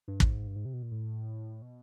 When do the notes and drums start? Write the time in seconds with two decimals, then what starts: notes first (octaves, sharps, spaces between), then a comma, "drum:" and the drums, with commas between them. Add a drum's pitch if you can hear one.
0.08 G2
0.20 G#2, drum: kick
0.47 G2
0.56 G#2
0.65 C3
0.73 B2
0.83 A#2
0.91 A2
1.62 B2